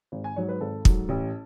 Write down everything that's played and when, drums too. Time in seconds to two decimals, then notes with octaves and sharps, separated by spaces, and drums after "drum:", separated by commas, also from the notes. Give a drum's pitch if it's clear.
0.12 G#1
0.24 G#5
0.36 G#2 F#3 C#5
0.49 B4
0.61 G#1 A4
0.85 G#2 F#3, drum: kick
1.09 A1